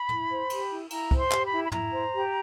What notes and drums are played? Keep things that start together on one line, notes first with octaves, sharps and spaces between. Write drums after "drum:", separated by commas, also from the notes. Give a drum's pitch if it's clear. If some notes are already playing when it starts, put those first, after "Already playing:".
Already playing: B5
E4, drum: tom
C5
G4, drum: cymbal
E4
E4 A#5, drum: cymbal
C5, drum: kick
C6
G4, drum: clap
B5
E4
B5
E4 A#5, drum: tom
C5
G4